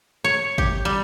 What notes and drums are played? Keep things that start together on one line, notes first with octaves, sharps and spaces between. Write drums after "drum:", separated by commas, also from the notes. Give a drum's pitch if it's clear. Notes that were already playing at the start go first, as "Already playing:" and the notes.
C#5
G4, drum: kick G#1
G3